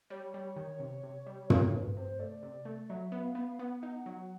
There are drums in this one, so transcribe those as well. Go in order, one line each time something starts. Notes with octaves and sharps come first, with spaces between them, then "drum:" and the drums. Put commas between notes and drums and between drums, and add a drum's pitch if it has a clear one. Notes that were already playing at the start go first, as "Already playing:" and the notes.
G3 C#5
G3
D#3
C3
C3
G3
E3 C#5, drum: tom
F2 B4
C3 C5
A3 D5
C3
A3
F#3 E5
B3
F5
B3
B3 F#5
D#4
F#3